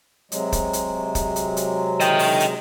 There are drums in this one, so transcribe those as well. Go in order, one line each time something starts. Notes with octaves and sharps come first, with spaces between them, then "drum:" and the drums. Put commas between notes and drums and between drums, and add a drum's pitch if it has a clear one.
C3 F#3 G#3, drum: hi-hat
drum: kick, hi-hat
drum: hi-hat
drum: kick, hi-hat
drum: hi-hat
drum: hi-hat
D#5 G5, drum: hi-hat
drum: open hi-hat
drum: hi-hat